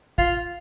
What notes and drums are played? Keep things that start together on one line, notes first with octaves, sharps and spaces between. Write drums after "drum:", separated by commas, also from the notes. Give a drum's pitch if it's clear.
F4, drum: kick